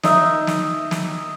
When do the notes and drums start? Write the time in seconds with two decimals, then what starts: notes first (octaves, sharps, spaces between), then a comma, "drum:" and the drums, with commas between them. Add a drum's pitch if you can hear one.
0.04 D#4 E5, drum: snare
0.47 drum: snare
0.91 drum: snare